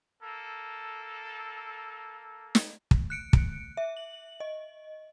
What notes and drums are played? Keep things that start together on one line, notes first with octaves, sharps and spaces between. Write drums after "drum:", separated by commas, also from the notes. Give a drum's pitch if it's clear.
A#3 A4
drum: snare
drum: kick
F#6 C#7 D7
drum: kick
E5
F#7
D#5